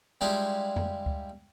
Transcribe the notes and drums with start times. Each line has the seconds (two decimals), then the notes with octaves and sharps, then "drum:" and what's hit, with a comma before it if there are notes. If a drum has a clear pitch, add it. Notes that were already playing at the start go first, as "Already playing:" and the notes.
0.21 G3 G#3 D4 E4 F4 G4
0.76 drum: tom F2
1.06 drum: kick D2